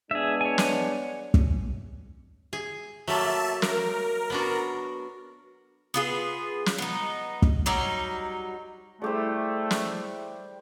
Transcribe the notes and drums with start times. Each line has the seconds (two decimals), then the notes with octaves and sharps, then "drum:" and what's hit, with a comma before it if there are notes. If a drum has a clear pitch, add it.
0.11 G#3 B3 D4 G#4 E5
0.41 C#5 G#5
0.58 drum: snare
1.34 drum: kick
2.53 G#4
3.07 F#3 A3 A#3 E5 A5
3.62 A#4, drum: snare
4.30 B3 D4 F#4
5.94 B3 F4 G#4
6.66 drum: snare
6.78 B3 D#4
7.42 drum: kick
7.66 F#3 G3 D#4 C#5
9.02 G3 A3 E4 G4 G#4 C5
9.71 drum: snare